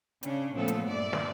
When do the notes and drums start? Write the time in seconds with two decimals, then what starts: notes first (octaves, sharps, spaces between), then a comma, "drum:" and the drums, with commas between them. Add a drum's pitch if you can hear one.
0.23 C#3 C#4 D4, drum: hi-hat
0.54 A#2 F3 A3 B3 A4
0.68 drum: hi-hat
0.86 G2 A#2 D5 E5
1.13 drum: snare